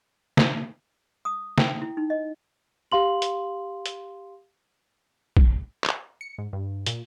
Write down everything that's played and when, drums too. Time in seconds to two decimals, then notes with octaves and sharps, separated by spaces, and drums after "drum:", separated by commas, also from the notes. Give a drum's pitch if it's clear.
0.37 drum: snare
1.25 D#6
1.58 G5, drum: snare
1.82 E4
1.97 D#4
2.10 D#5
2.92 G4 F5 C6 F#7
3.22 drum: hi-hat
3.86 drum: hi-hat
5.37 drum: kick A#1
5.84 drum: clap
6.21 C#7
6.38 G#2
6.53 G2
6.86 A#2, drum: hi-hat